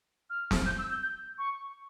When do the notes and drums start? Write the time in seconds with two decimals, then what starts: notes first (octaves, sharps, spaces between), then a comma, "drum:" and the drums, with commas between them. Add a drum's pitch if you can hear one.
0.30 F6
0.51 drum: snare
0.66 G6
0.78 E6
0.90 G6
1.02 G6
1.38 C#6